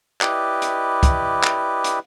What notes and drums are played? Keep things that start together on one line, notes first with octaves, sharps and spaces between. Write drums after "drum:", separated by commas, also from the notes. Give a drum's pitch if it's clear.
E4 G4 B4 D5 D#5, drum: clap
drum: hi-hat
drum: kick, hi-hat
drum: clap
drum: hi-hat